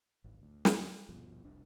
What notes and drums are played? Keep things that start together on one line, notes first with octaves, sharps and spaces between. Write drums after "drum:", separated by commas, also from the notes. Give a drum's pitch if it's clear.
D1 G#1
D2
drum: snare
D#1 G2 B2 F3
F1 C2 D4